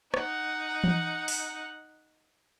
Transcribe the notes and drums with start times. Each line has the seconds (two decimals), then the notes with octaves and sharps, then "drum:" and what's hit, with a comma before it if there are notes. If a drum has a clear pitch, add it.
0.14 D#4 F#5, drum: rim click
0.84 drum: tom E3
1.28 drum: open hi-hat